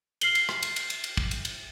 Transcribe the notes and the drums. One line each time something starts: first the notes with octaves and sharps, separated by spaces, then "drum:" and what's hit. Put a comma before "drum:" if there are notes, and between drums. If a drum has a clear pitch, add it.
F6 C7 F#7 G7, drum: cymbal
drum: cymbal
drum: rim click
drum: cymbal
drum: cymbal
drum: cymbal
drum: cymbal
drum: kick
drum: cymbal
drum: cymbal